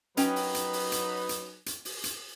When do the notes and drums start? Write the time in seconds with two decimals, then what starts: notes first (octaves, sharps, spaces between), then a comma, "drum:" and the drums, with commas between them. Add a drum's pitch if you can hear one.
0.17 F#3 C#4 D#4 B4 G5, drum: hi-hat
0.36 drum: open hi-hat
0.54 drum: hi-hat
0.73 drum: open hi-hat
0.92 drum: hi-hat
1.29 drum: hi-hat
1.66 drum: hi-hat
1.85 drum: open hi-hat
2.04 drum: hi-hat